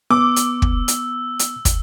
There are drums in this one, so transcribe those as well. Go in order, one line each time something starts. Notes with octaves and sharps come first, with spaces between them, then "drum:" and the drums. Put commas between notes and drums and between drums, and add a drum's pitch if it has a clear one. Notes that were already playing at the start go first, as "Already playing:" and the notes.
B3 D6 E6
drum: hi-hat
drum: kick
drum: hi-hat
drum: hi-hat
drum: kick, hi-hat